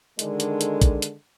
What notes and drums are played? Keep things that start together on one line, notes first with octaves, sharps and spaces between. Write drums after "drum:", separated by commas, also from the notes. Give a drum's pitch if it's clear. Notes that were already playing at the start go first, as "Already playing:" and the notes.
D3 D#3 G#3, drum: hi-hat
drum: hi-hat
drum: hi-hat
drum: kick, hi-hat
drum: hi-hat